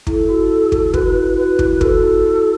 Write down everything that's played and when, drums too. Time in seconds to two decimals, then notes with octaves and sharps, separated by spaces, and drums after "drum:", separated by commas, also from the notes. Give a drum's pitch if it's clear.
0.07 E4 A4, drum: kick
0.29 F#4
0.72 drum: kick
0.94 F#4 B4, drum: kick
1.09 E4
1.23 E4
1.37 F#4 B4
1.59 E4, drum: kick
1.70 B4
1.81 F#4 A4, drum: kick
1.97 F#4
2.03 E4
2.24 F#4